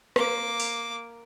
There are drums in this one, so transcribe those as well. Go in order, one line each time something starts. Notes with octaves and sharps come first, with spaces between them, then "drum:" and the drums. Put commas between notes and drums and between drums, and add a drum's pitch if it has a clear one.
A#3 D6, drum: rim click
drum: open hi-hat